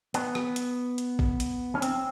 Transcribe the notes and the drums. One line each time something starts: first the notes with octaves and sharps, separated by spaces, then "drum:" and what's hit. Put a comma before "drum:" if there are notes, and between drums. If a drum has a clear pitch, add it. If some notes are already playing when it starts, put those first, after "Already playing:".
B3, drum: hi-hat
drum: rim click
drum: hi-hat
drum: hi-hat
drum: kick A1
drum: hi-hat
C#4
C4, drum: hi-hat